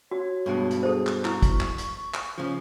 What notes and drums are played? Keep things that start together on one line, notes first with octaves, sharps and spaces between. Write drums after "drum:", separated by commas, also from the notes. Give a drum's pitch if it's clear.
F#4 C#5
G2 B2 G#3
drum: hi-hat
G#4 A4 C5
drum: clap
E4 C#6, drum: clap
drum: kick, hi-hat
drum: clap
drum: hi-hat
drum: clap
C#3 F3 C#4